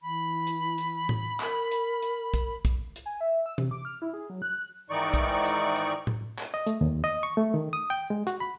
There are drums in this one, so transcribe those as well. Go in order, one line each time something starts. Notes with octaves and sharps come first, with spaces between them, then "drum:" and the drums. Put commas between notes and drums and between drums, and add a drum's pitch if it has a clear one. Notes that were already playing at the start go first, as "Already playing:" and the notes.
E3 B5
drum: hi-hat
drum: hi-hat
drum: tom A2
A#4, drum: clap
drum: hi-hat
drum: hi-hat
drum: kick, hi-hat
drum: kick, hi-hat
drum: hi-hat
G#5
E5
E6
C3, drum: tom
D6
F6
E4
G#4
F#3
F#6
F#6
G#2 D#3 E3 D#4 D5 C#6
drum: kick, hi-hat
drum: hi-hat
drum: hi-hat
drum: tom A2
drum: clap
D#5
A3, drum: hi-hat
D#2
D#5
C#6
A3
D#3
D#6
G5
G#3
F#4, drum: hi-hat
B5